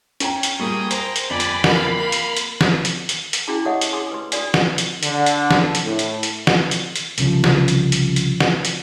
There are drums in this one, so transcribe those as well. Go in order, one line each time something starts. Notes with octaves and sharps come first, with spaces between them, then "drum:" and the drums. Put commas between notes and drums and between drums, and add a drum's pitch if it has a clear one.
C#4 G5 A#5, drum: hi-hat
drum: hi-hat
A#2 G3 A#3 G#4 G5 C#6 D#6
C5 A#5, drum: hi-hat
drum: hi-hat
G1 F2 D5 G#5 B5
drum: hi-hat
A#4 D5 F5, drum: snare
A#3 A#4 F5
drum: hi-hat
drum: hi-hat
drum: snare
drum: hi-hat
drum: hi-hat
drum: hi-hat
C#4 D4 E4 F#4 G#4 A5
G4 A4 C#5 D#5 E5 F#5
drum: hi-hat
G#4 G#5 C6 D#6
B4 C6
D4 F#4 A4 D5 G#5, drum: hi-hat
drum: snare
drum: hi-hat
D3, drum: hi-hat
drum: hi-hat
drum: snare
drum: hi-hat
A2
drum: hi-hat
drum: hi-hat
drum: snare
drum: hi-hat
drum: hi-hat
C2 C#3 F3, drum: hi-hat
drum: snare
drum: hi-hat
drum: hi-hat
drum: hi-hat
drum: snare
drum: hi-hat